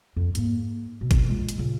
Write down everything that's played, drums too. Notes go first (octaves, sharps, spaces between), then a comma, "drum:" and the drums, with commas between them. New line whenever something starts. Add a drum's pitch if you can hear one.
F2
G#2 A#3, drum: hi-hat
B2
drum: kick, hi-hat
A#2 G#3
drum: hi-hat
A#2 C#3